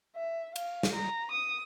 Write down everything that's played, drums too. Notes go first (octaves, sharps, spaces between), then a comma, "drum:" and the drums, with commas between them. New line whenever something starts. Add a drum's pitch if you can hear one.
E5
F5, drum: cymbal
drum: snare
A#5
D#6